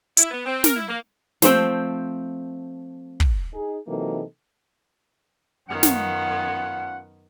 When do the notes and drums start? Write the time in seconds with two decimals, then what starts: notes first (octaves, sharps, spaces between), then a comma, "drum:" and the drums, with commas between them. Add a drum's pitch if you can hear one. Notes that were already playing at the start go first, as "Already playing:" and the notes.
0.17 E4, drum: hi-hat
0.31 B3
0.46 C4
0.64 A#4, drum: snare
0.76 E4
0.88 A#3
1.42 F3 A3 C4 G5, drum: snare
3.20 drum: kick
3.53 D#4 G#4
3.88 C3 E3 F#3 A#3 D#4 A4
5.69 F#2 D#3 B3 C#4 F4 F#5
5.83 drum: snare